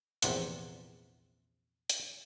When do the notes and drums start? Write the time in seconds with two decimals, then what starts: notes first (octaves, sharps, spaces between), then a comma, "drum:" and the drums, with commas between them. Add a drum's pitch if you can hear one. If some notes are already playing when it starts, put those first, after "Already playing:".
0.22 A#1 E2 C3 F#5, drum: hi-hat
1.90 drum: hi-hat